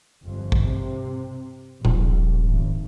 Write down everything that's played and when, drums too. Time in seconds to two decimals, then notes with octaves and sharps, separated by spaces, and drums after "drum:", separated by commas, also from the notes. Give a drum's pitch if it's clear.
0.25 G1 F2
0.52 drum: kick
0.62 C3
1.85 D#1 A#1, drum: tom A2
2.35 G#1